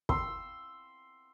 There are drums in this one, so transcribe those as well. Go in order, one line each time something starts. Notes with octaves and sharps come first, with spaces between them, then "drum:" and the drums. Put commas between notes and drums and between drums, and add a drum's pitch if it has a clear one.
C6 E6, drum: kick